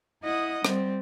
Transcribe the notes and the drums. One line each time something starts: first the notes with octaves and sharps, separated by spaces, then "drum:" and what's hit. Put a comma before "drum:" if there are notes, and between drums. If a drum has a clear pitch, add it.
E4 D#5 F#5 D#6
G3 C4, drum: rim click